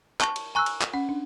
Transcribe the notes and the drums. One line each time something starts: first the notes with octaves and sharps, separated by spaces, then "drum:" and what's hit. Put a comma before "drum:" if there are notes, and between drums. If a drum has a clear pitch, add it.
A5 C#6, drum: clap
drum: cymbal
G#5 A#5 C#6 E6 F#6
drum: cymbal
drum: clap
C#4 F#5
D4